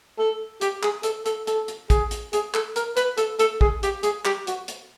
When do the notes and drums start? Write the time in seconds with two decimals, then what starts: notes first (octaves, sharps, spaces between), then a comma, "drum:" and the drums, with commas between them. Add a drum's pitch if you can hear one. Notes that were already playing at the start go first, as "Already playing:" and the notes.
0.19 A4
0.61 G4, drum: hi-hat
0.83 G#4, drum: clap
1.03 A4, drum: hi-hat
1.26 A4, drum: hi-hat
1.47 A4, drum: hi-hat
1.68 drum: hi-hat
1.90 G#4, drum: kick, hi-hat
2.11 drum: hi-hat
2.33 G#4, drum: hi-hat
2.54 A4, drum: clap
2.76 A#4, drum: hi-hat
2.97 B4, drum: hi-hat
3.18 A4, drum: hi-hat
3.39 A4, drum: hi-hat
3.61 G#4, drum: kick
3.83 G4, drum: hi-hat
4.03 G#4, drum: hi-hat
4.25 G4, drum: clap
4.47 F#4, drum: hi-hat
4.68 drum: hi-hat